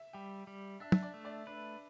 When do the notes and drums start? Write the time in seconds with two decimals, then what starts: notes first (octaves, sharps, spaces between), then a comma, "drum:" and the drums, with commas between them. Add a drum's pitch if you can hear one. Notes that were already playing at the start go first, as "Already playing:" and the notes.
Already playing: E5
0.13 G3 G5
0.47 G3
0.80 D4 E5
0.92 E5, drum: tom
1.03 D5
1.14 A3
1.25 D5
1.47 D4 B4